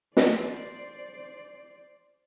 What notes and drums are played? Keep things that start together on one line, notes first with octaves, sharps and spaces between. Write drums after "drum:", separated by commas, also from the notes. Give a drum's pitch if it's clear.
C5 D5, drum: snare